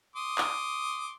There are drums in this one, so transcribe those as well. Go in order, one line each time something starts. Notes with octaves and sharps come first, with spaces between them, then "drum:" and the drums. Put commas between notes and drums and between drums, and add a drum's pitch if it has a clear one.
C6 D6 D#6
drum: clap